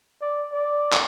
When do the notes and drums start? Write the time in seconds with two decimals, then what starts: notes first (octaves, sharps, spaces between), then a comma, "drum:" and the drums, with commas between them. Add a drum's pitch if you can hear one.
0.22 D5
0.52 D5
0.93 drum: clap